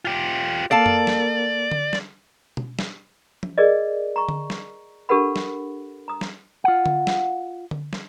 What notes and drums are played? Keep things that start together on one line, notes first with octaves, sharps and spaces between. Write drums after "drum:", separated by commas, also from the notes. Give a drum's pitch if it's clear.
F4 G4
A#3 A4 D5 F5 A5
drum: tom F#2
drum: snare
drum: tom D3
drum: snare
drum: tom B2
drum: snare
drum: tom F3
G#4 A#4 D5 D#5
A#5 C#6
drum: tom D3
drum: snare
D4 G4 A4 A#4 F#5 B5
drum: snare
A#5 D#6
drum: snare
F4 F#5
drum: tom D3
drum: snare
drum: tom D3
drum: snare